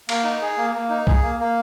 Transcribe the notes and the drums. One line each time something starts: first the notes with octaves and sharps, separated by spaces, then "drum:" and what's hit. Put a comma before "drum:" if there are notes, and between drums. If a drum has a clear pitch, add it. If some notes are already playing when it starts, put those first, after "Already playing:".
A#3, drum: cymbal
D#4
G#4
A#3
A#3
D#4
G#4, drum: kick B1
A#3
A#3